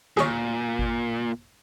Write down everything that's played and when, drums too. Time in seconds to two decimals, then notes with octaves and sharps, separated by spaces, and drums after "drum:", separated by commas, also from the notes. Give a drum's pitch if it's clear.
0.17 A#2 G#4 C#5, drum: snare
0.79 drum: kick G#1